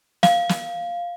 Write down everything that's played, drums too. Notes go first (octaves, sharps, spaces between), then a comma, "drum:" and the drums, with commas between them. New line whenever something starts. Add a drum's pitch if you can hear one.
F5, drum: snare
drum: snare